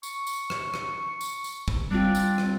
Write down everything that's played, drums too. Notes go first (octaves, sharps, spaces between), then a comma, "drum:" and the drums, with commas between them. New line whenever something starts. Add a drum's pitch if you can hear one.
C#6, drum: tambourine
drum: tambourine
drum: rim click
drum: rim click
drum: tambourine
drum: tambourine
drum: kick
G3 C4 D4 F4
drum: tambourine
drum: rim click